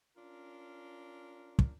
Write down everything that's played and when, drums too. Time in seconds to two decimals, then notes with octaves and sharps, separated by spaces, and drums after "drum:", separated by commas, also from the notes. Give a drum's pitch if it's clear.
0.16 C#4 D4 F4 A#4
1.59 drum: kick